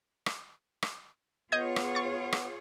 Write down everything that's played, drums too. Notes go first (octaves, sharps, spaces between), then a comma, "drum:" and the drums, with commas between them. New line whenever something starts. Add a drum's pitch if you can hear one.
drum: rim click
drum: rim click
B3 F4 G#4 C#5 D#5 G6 G#6
drum: rim click
C#6 A6
drum: rim click